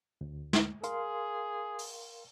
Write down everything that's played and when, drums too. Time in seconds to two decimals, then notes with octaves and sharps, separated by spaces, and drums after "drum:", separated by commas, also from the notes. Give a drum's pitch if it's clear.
0.21 D2
0.53 drum: snare
0.83 G#4 A#4 F5 C6, drum: hi-hat
1.79 drum: open hi-hat